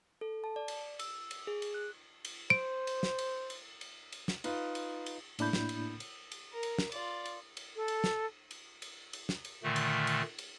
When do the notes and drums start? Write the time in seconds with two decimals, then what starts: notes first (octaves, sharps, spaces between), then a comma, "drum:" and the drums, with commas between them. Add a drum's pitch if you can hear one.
0.21 A4
0.44 A5
0.56 D5
0.68 drum: cymbal
0.99 E6, drum: cymbal
1.31 drum: cymbal
1.47 G#4
1.62 drum: cymbal
1.74 F#6
2.25 drum: cymbal
2.50 C5 D7
2.87 drum: cymbal
3.03 drum: snare
3.19 drum: cymbal
3.50 drum: cymbal
3.81 drum: cymbal
4.12 drum: cymbal
4.28 drum: snare
4.44 D#4 F4 B4, drum: cymbal
4.75 drum: cymbal
5.06 drum: cymbal
5.39 A2 A#3 D4 E4 B5 G6, drum: cymbal
5.53 drum: snare
5.69 drum: cymbal
6.00 drum: cymbal
6.32 drum: cymbal
6.53 A#4
6.63 drum: cymbal
6.78 drum: snare
6.92 F4 D5, drum: cymbal
7.25 drum: cymbal
7.57 drum: cymbal
7.76 A4
7.88 drum: cymbal
8.04 drum: snare
8.51 drum: cymbal
8.82 drum: cymbal
9.13 drum: cymbal
9.29 drum: snare
9.45 drum: cymbal
9.63 A#2 D3 D#3 A3
9.76 drum: cymbal
10.07 drum: cymbal
10.38 drum: cymbal